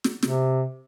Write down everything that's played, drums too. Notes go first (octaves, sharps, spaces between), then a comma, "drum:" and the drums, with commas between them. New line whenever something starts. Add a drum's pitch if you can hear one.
drum: snare
C3, drum: snare